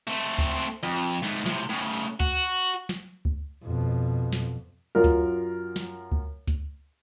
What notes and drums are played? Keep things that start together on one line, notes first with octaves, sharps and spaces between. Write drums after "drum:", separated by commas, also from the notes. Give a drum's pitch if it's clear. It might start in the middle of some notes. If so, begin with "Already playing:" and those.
A3 C4
drum: kick C#2
F2
G#2 A3
A2 C3, drum: snare
A2 C#3
F#4, drum: kick C#2, hi-hat
drum: snare
drum: kick C#2
F2 B2
drum: snare
F#2 F4 A#4
drum: kick C#2, hi-hat
drum: snare
drum: kick C#2
drum: kick C#2, hi-hat